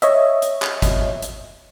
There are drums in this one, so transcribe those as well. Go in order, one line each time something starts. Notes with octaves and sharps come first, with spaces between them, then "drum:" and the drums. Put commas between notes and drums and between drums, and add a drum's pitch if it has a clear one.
C#5 D#5 E5, drum: hi-hat
drum: hi-hat
drum: clap
drum: kick, hi-hat
drum: hi-hat